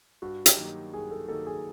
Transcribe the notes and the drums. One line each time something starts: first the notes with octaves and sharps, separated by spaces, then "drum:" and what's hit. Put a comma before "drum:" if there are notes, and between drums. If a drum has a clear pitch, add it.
G2 F#4
G4, drum: hi-hat
D#3 F#3 A#3 D#4
G2 G#4
A4
D#3 F#3 A#3 D#4 A4
G#4